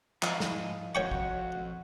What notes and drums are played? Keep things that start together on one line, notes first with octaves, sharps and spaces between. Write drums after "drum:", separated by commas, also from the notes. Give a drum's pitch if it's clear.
G#2 F3 G#4 D#5 F5, drum: clap
drum: snare
F2 F#4 C#5 G5 C#6
drum: kick A1